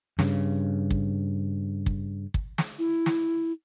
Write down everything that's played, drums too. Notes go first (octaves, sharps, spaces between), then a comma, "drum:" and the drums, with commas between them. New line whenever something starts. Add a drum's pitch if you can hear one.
G2 C#3, drum: snare
drum: kick
drum: kick
drum: kick
drum: snare
E4
drum: snare